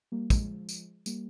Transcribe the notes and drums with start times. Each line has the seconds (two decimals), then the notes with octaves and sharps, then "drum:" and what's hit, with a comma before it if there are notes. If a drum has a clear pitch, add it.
0.12 G3 A#3
0.30 F3 G#3, drum: kick, tambourine
0.69 drum: tambourine
1.06 G3 A#3, drum: tambourine